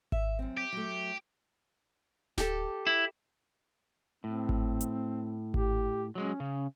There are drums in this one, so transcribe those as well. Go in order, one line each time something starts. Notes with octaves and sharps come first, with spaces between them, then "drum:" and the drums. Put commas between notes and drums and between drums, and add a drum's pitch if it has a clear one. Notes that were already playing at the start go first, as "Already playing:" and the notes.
E5, drum: kick G#1
F#2 C4
G4
F#3 A3
G4 A4, drum: snare D1
E4
A2 C4
drum: kick G#1
drum: hi-hat
G4, drum: kick G#1
F#3 G#3 C#4
C#3